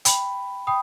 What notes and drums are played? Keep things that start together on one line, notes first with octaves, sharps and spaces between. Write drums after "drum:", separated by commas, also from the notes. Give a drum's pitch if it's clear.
G5 B5, drum: hi-hat
G5 B5 D#6